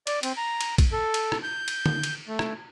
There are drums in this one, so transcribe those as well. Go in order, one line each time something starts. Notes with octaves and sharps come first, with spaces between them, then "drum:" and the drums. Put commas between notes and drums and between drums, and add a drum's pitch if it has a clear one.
D5, drum: cymbal
C4, drum: cymbal
A#5
drum: cymbal
drum: kick, cymbal
A4
drum: cymbal
drum: rim click
G6
drum: cymbal
drum: tom D3
drum: cymbal
A3
drum: rim click